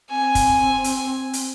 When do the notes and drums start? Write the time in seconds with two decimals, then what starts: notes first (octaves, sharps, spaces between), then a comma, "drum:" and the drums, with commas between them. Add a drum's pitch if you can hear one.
0.11 C4 G#5
0.35 drum: kick, hi-hat
0.84 drum: hi-hat
1.33 drum: hi-hat